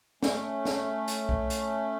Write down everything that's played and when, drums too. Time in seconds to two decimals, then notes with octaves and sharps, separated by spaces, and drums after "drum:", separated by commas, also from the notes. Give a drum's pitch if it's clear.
0.23 A3 C#4, drum: snare
0.65 drum: snare
1.08 drum: hi-hat
1.29 drum: kick B1
1.50 drum: hi-hat